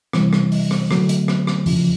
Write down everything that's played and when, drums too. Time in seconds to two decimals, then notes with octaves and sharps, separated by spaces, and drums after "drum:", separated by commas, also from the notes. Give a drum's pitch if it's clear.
0.13 C3 E3 G3, drum: rim click
0.33 drum: rim click
0.52 drum: open hi-hat
0.71 drum: rim click
0.91 D3 F#3 A3, drum: rim click
1.09 drum: hi-hat
1.28 drum: rim click
1.47 drum: rim click
1.66 E2 C#3 F3, drum: open hi-hat